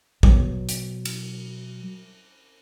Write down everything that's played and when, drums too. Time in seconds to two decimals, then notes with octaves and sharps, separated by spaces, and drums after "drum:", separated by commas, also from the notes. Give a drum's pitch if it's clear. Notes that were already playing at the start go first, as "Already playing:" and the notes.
0.23 B2 F#3, drum: kick A1
0.69 drum: hi-hat
1.05 drum: cymbal